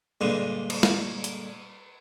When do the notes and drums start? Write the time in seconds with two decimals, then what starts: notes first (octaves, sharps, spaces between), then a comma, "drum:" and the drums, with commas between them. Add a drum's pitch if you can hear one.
0.21 G2 A#2 D3 G#3
0.70 drum: cymbal
0.83 drum: snare
1.24 drum: hi-hat